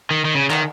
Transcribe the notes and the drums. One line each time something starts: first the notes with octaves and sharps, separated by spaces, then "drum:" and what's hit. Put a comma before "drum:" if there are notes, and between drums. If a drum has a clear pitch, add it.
D#3
D#3
C#3
D#3, drum: clap